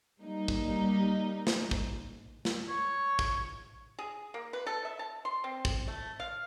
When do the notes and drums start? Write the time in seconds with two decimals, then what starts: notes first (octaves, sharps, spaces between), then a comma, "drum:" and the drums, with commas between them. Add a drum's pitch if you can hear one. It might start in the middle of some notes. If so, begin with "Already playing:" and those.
0.22 G3 A#3 D#4
0.48 drum: kick
1.47 drum: snare
1.71 drum: kick
2.45 drum: snare
2.69 C#5
3.19 drum: kick
3.99 G#4
4.34 A#3
4.53 B4
4.66 A4
4.85 E5
4.99 A5
5.25 C6
5.44 C4
5.65 drum: kick
5.88 A3
6.20 F5